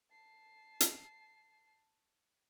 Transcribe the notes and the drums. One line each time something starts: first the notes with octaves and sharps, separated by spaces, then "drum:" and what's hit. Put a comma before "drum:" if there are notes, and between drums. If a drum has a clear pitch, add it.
A5 C7
drum: hi-hat